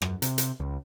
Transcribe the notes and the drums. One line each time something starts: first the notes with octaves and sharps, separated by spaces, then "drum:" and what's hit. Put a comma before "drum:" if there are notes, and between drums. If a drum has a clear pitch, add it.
F#2, drum: rim click
C3, drum: hi-hat
drum: hi-hat
C#2